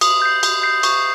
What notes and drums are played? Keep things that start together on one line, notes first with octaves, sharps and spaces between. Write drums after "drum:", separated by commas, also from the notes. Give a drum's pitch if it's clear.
D#6, drum: cymbal
G6 C7
D#6, drum: cymbal
G6 C7
C#6, drum: cymbal